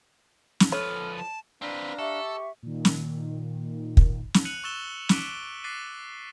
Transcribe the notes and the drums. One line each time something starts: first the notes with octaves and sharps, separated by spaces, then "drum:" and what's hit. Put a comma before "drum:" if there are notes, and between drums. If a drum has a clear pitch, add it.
drum: snare
F3 A4 B4 C#5 F6
A5
C4 D4 B4 F5 A#5
G4 A4 E5 C#6
A#2 D#3
drum: snare
drum: kick
drum: snare
F#6 C#7 D#7 F7 F#7
C#6 E6 A6 E7 G7
D6 F#6 B6 D7 D#7 G7, drum: snare
D6 F#6 A6 B6 C7 D#7